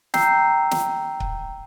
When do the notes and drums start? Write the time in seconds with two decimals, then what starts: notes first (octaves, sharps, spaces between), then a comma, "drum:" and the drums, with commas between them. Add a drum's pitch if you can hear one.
0.14 G5 A#5 E6 G6 C7, drum: snare
0.71 drum: snare
1.20 drum: kick C#1